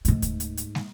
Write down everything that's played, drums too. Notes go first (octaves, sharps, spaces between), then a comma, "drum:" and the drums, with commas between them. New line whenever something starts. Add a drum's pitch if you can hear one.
G#2 A3, drum: hi-hat
drum: kick D2, hi-hat
drum: hi-hat
drum: hi-hat
drum: snare